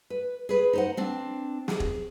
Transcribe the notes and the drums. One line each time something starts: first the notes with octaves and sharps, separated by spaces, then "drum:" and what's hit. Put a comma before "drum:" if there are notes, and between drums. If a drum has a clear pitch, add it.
B4
G#4 B4
D#4 C5 F#5
C4 D4
G#4, drum: snare
drum: kick E1